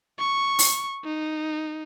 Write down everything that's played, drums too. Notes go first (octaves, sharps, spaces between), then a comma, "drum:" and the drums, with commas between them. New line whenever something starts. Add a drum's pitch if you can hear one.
C#6
drum: open hi-hat
D#4